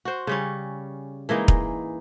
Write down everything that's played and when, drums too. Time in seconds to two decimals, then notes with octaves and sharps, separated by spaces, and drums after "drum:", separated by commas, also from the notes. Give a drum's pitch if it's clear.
0.05 F#4 C5
0.27 C#3 G3 C#4
1.29 E3 G#3 A#3 D#4
1.48 drum: kick